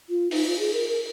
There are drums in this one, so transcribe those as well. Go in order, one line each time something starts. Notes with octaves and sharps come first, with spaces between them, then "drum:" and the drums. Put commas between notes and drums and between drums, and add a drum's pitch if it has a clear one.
F4
D#4, drum: open hi-hat
F4
G#4
A#4
A#4